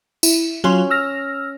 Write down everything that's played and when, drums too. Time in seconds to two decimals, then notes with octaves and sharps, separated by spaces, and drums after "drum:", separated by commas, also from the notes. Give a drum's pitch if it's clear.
0.23 E4, drum: tambourine
0.64 F#3 C#4 F4 C6
0.90 E6 F6 A#6